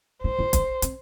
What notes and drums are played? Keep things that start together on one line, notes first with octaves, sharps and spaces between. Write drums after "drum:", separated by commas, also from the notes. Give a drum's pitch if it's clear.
E4 C5
E4
D4, drum: kick, hi-hat
C4, drum: hi-hat